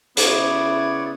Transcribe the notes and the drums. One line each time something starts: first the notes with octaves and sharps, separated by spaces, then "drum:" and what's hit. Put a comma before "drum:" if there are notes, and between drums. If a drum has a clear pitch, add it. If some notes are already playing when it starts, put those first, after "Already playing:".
C#3 B3 E4 C#5 D5, drum: hi-hat